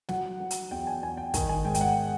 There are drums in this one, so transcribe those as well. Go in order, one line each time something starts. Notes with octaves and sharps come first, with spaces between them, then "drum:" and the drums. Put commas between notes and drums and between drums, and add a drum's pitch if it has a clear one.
F#3 F#5, drum: snare
F#3
drum: hi-hat
E2 G5
G#5
E2 G#5
G5
D#3 G#5, drum: kick, hi-hat
G#5
G#2 G5
G5, drum: hi-hat
F#5